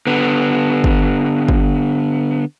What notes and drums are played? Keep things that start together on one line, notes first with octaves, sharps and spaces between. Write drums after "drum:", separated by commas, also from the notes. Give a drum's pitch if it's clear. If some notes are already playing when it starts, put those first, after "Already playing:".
D3 B3
drum: kick
drum: kick